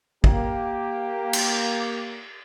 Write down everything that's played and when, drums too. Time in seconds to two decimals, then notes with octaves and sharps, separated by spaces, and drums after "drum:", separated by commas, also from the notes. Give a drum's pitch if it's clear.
0.24 A#3 G4, drum: kick
1.33 drum: cymbal